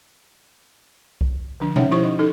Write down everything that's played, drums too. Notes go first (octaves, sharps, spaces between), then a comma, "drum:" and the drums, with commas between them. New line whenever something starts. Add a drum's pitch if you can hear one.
drum: kick C2
D3 F3 D4
C#4 D#4 C#5 E5 F#5 G5, drum: tom B2
F3 E4 G4 C5 C#6
D#4 D#5
D#4 A4